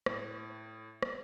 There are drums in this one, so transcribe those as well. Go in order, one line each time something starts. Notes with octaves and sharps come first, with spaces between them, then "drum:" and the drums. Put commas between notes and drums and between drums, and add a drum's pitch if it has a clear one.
A2, drum: rim click
drum: rim click